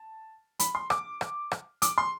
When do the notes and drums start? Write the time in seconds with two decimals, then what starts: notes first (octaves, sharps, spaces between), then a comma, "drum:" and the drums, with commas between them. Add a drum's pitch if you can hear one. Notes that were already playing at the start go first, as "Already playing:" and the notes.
Already playing: A5
0.59 B5, drum: hi-hat
0.75 C6
0.90 D6, drum: rim click
1.21 drum: rim click
1.52 drum: rim click
1.82 D6, drum: hi-hat
1.98 C6